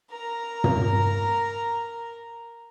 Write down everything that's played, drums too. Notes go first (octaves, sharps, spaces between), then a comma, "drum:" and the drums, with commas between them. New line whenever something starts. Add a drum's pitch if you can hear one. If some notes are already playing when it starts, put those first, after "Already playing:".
A#4 A#5
drum: tom